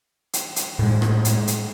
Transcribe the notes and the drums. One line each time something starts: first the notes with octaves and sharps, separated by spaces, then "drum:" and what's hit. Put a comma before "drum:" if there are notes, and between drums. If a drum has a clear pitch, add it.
drum: hi-hat
drum: hi-hat
A2 G#3
drum: rim click
drum: hi-hat
drum: hi-hat